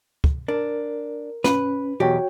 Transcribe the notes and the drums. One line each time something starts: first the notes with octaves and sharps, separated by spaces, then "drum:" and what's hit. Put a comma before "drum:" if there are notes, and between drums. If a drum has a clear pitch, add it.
drum: kick
D4 A#4
C#4 B4, drum: snare
B1 E2 F#4 G4 C#5 G5